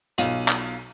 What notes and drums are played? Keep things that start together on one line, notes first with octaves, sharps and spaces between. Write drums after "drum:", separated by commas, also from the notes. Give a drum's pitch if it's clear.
B1 F4 D#7 F#7, drum: hi-hat
drum: clap